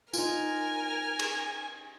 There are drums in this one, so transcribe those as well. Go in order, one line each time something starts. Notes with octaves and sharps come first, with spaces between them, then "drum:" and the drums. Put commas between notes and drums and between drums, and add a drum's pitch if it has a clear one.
D#4 F4 A#4 G#5 F6, drum: tambourine
drum: cymbal